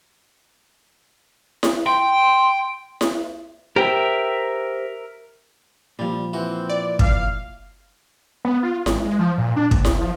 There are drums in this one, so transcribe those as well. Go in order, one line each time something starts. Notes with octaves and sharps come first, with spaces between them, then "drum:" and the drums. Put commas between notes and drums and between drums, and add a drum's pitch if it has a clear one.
drum: snare E4
G5 C6
drum: snare E4
G4 A#4 C5 E5 G5
A#2 F3 G3
E3 C4 F#4
D5
F5, drum: kick
B3
F4
G#1, drum: snare E4
G#3
F3
A#2
D4
A#1, drum: kick
B1, drum: snare E4
F3